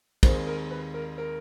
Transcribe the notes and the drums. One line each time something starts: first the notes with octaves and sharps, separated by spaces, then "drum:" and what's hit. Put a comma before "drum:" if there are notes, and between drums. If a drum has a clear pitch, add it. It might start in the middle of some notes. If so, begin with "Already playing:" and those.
D#2 D#3 G#3 C4 C5, drum: kick, cymbal
A#4
B4
A#4
A#4